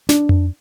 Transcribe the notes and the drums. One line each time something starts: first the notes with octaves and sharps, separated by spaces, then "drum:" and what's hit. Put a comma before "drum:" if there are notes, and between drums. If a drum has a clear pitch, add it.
D4, drum: snare
drum: tom F2